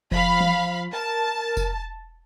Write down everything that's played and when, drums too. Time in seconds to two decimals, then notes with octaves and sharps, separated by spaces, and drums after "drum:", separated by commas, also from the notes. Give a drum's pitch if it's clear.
0.11 F3 F5 B5, drum: kick F1
0.40 drum: tom E3
0.93 A#4 A5
1.57 drum: kick F1, tambourine